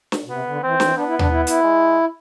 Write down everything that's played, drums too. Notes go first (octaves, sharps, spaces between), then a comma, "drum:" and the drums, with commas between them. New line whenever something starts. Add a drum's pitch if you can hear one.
drum: snare
B2
C3 B3
D3
E3 C4
E3, drum: snare
B3 D4
E4
D4, drum: tom D#2
E4
E4, drum: hi-hat
G#3